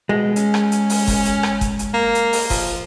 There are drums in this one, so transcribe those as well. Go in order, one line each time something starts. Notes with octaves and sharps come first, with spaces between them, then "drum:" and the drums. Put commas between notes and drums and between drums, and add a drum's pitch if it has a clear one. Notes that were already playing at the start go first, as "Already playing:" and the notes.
B2 G#3
C#4, drum: hi-hat
drum: rim click
drum: hi-hat
drum: open hi-hat
drum: kick F#1, open hi-hat
drum: hi-hat
drum: rim click
drum: kick F#1, hi-hat
drum: hi-hat
A#3
drum: hi-hat
drum: open hi-hat
F3, drum: kick F#1, open hi-hat